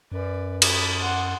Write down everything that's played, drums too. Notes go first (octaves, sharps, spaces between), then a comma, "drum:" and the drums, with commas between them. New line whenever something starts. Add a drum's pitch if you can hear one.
F#2 B4 D5
B5, drum: cymbal
F#5 C6